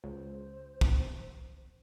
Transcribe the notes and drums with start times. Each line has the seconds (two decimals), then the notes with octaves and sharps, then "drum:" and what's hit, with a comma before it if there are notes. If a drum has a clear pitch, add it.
0.04 C#2 C5
0.81 drum: kick